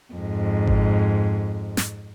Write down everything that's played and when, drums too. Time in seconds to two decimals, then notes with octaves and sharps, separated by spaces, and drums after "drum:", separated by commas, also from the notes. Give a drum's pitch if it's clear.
0.14 F2 G#2
0.67 drum: kick G#1
1.77 drum: snare